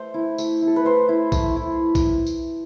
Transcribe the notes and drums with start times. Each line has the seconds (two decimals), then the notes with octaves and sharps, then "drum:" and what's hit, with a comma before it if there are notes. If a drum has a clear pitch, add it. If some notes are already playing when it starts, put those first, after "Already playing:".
Already playing: A3 C5
0.14 E4
0.38 A3, drum: tambourine
0.62 E4 A4
0.76 B4
0.85 A3 C5
1.09 E4
1.32 A3, drum: kick B1, tambourine
1.56 E4
1.95 drum: kick B1, tambourine
2.27 drum: tambourine